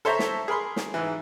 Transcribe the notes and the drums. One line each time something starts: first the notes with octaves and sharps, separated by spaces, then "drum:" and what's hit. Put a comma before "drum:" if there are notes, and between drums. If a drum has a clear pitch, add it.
A4 C5 C#5 E5 A5 A#5
drum: snare
G#4 A#4 B5 C6
drum: snare
G#2 E3